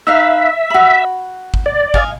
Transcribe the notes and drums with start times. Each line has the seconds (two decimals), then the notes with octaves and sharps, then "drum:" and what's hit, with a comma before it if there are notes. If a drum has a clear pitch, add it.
0.07 D#4 B4 E5 F5
0.70 F#4 B5
1.54 drum: kick
1.66 D5
1.94 D#5 F5 G#5, drum: kick